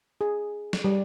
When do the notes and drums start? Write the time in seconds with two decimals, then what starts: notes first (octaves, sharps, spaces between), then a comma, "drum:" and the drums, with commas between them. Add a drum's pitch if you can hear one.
0.21 G#4
0.73 drum: snare
0.84 G3